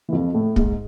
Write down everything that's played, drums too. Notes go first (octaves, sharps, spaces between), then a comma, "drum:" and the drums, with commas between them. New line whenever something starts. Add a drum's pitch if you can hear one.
E3
F2 F3
A2 A3
G#2 G#3, drum: kick